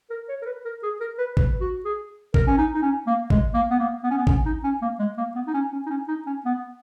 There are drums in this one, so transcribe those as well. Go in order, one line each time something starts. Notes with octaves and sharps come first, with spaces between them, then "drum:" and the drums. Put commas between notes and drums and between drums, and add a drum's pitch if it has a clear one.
A#4
C#5
A#4
B4
A#4
G#4
A#4
B4
B4, drum: kick G#1
F#4
G#4
A#4, drum: kick G#1
C#4
D#4
D#4
C#4
A#3
G#3, drum: kick G#1
A#3
B3
A#3
B3
C#4
B3
C#4, drum: kick G#1
D#4
C#4
A#3
G#3
A#3
B3
D#4
C#4
C#4
D#4
C#4
D#4
C#4
B3